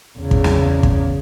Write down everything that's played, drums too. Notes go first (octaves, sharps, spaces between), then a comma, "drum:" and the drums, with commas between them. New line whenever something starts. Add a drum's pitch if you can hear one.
E2 C#3
drum: kick
drum: snare
drum: kick